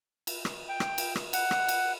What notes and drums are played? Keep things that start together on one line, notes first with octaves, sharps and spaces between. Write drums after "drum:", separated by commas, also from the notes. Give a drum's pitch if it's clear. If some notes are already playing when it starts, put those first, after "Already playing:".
drum: cymbal
drum: rim click
G5
drum: rim click
drum: cymbal
drum: rim click
F#5, drum: cymbal
drum: rim click
drum: cymbal